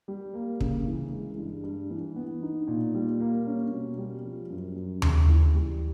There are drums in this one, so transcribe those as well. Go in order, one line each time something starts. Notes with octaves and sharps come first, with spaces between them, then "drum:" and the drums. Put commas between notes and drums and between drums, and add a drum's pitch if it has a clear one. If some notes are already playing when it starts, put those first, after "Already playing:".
G3
A#3
C#3, drum: kick
E3
G#3
G2
G2
E3
B3
D#4
A#2
G3
A#3
C#4
B2
G3
F3
F#2
F#2
C#3, drum: tom D#2
E3
G3